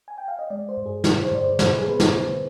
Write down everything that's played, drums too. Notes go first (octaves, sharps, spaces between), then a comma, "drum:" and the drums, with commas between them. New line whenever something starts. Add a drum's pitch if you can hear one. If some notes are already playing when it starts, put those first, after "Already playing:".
G#5
G5
F5
D#5
G#3 D5
C5
G2
G#4
D3 B4, drum: snare
C5
G2 D5
C5
G3 C5, drum: snare
B4
G#4
B3 B4
drum: snare
D3